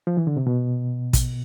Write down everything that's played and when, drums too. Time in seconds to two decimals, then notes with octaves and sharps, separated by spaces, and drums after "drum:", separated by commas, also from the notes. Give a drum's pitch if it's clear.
0.07 F3
0.17 E3
0.27 D3
0.37 C3
0.47 B2
1.13 drum: kick, hi-hat